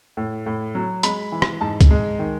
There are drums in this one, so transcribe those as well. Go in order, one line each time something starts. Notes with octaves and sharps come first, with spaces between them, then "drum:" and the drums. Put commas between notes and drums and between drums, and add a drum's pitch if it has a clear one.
A2
A2
F#3
G#3 B5, drum: hi-hat
E3
drum: rim click
G#2 A5
drum: kick, hi-hat
G#3
D#3